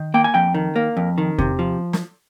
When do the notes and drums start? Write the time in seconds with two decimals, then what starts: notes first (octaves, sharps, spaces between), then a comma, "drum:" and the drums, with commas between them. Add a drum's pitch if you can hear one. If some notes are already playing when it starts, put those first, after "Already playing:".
Already playing: D#3
0.14 A#3 G5
0.24 G#5
0.34 F2 G5
0.55 D#3
0.76 A#3
0.97 F2
1.18 D#3
1.39 C3, drum: kick E2
1.59 F3
1.93 drum: snare